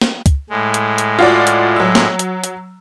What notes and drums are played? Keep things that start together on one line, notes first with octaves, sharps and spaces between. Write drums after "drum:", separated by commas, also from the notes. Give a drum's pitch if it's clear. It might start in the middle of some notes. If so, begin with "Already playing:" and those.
drum: snare
drum: kick, hi-hat
A2 G#3
drum: hi-hat
drum: hi-hat
F4 F#4 D5
drum: hi-hat
F#3 E6
drum: snare
drum: hi-hat
drum: hi-hat